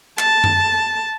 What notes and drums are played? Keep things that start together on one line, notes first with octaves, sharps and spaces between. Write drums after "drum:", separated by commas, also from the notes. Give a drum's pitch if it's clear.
A5, drum: clap
drum: tom F#2